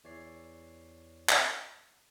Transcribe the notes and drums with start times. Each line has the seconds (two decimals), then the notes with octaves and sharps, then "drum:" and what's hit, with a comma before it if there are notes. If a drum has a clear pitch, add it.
0.04 E2 E3 C#5 D5 C7
1.29 drum: clap